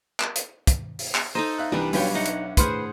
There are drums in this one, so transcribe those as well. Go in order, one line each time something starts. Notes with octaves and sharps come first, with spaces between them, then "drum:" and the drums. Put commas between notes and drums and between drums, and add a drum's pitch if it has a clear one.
drum: clap
drum: hi-hat
drum: kick, hi-hat
drum: open hi-hat
drum: clap
D#4 A4 C5 D#5 A#5
E5 F5 F#6
C2 E3 G3 D4 B4
B1 C#4 D4 F#4 B4 C#5 F5 G5, drum: open hi-hat
D#4 E5 F#5
drum: hi-hat
A2 G#4 B4 C5 F#5 C6 F6, drum: kick, hi-hat